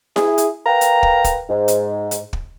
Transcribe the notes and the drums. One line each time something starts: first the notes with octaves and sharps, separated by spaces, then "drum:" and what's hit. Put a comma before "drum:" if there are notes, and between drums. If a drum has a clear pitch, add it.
E4 G#4, drum: snare E4
drum: hi-hat
A#4 B4 F5 G5 A#5
drum: hi-hat
drum: kick
drum: kick, hi-hat
G#2
drum: hi-hat
drum: hi-hat
drum: kick